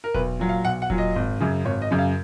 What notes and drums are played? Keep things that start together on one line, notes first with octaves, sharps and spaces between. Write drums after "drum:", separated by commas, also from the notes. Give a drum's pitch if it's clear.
A#4
B1 B4, drum: kick E1
A#2 F#3
F5
B1 F#5
F#5
A#2 F#3, drum: kick E1
D#5
G#1
F#2 C#3
G#1 C#5
D#5
F#2 C#3
F5